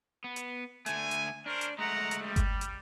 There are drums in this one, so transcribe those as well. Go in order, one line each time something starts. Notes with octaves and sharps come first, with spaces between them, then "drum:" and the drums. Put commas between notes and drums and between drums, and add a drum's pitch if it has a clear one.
B3
drum: hi-hat
D3 A3 G#5, drum: hi-hat
drum: hi-hat
C#4 D4 A#4 C5
drum: hi-hat
G#3 A3 F#5 A#5
drum: hi-hat
G3
drum: kick G1, hi-hat
drum: hi-hat